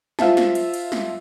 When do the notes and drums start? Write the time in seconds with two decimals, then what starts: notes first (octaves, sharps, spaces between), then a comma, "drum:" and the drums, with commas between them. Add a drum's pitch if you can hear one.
0.19 F4 C5 E5 A5, drum: snare
0.37 drum: snare
0.55 drum: cymbal
0.74 drum: cymbal
0.92 drum: snare